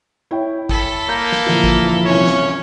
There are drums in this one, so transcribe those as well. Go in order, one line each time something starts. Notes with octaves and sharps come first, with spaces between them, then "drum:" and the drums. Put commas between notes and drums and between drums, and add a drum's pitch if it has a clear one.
E4 C#5 G5
A4 B5, drum: kick
A#3 A#5 G6 A#6
drum: snare
A#2 D3 E3 F3
drum: kick
C2 C#4 C#5 E7
drum: snare